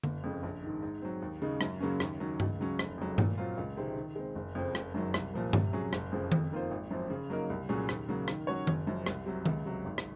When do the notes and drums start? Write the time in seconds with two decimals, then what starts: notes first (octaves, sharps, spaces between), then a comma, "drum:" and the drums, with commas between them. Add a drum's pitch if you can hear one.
0.04 F#1, drum: tom D3
0.24 F2 C#3
0.43 A#1
0.63 G#2 D#3
0.83 G#2
1.02 F#3 C4
1.22 D#2
1.42 C#3 G#3 D#4
1.61 F#2, drum: rim click
1.80 C#3 F#3 A#3 C#4
2.00 D#2, drum: rim click
2.20 D#3 F#3 C#4
2.40 C#2, drum: tom G2
2.59 C#3 F#3 C#4
2.79 F1, drum: rim click
2.98 F2 C#3 F#3
3.18 A#2, drum: tom G2
3.38 F#3 C4 F4
3.57 C#2
3.77 C3 D#3 G#3 C4
3.96 D#3
4.15 G#3 C4
4.35 F#1
4.55 F2 C#3 F3 C4
4.75 F#1, drum: rim click
4.94 F#2 D#3 F#3
5.14 C2, drum: rim click
5.34 A#2 F3 A#3
5.53 C3, drum: tom G2
5.73 F#3 C#4 G#4
5.93 F#1, drum: rim click
6.12 F2 C#3 F3 C4
6.32 F2, drum: tom D#3
6.51 D#3 A#3 F4 C5
6.71 G#1
6.91 F#2 F3 C4
7.10 C#3
7.30 F#3 A#3 D#4 A#4
7.50 C2
7.69 A#2 F#3 C#4 G#4
7.89 D#2, drum: rim click
8.09 C#3 F#3 A#3
8.28 D#3, drum: rim click
8.47 F#3 C#4 F#4 C#5
8.67 F#1, drum: tom D#3
8.87 F#2 F3
9.06 C2, drum: rim click
9.26 C3 F#3
9.46 C#2, drum: tom D#3
9.65 C3 F#3
9.85 G#1
9.98 drum: rim click